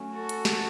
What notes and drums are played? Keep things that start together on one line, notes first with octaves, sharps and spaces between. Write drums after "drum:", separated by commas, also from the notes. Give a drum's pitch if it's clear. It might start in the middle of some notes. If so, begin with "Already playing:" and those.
Already playing: F#3 A3 C#4
F#4 A4
drum: hi-hat
drum: snare